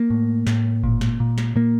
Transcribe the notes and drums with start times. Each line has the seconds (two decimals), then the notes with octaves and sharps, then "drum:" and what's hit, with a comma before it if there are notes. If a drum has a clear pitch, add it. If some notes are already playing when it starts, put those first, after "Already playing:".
Already playing: A#3
0.10 A2
0.47 A2, drum: snare
0.84 A#2, drum: kick G1
1.01 drum: snare
1.20 A#2
1.38 drum: snare
1.56 A#2 A#3